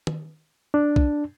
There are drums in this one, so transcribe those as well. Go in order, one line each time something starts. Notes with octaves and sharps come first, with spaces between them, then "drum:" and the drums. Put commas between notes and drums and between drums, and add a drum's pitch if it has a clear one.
drum: tom D#3
D4
drum: kick B1